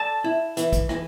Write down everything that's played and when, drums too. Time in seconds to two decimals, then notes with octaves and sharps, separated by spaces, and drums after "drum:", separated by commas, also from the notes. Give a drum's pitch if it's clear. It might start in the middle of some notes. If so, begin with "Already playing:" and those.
Already playing: A5
0.24 E4
0.57 E3, drum: hi-hat
0.73 drum: kick, hi-hat
0.89 E3, drum: rim click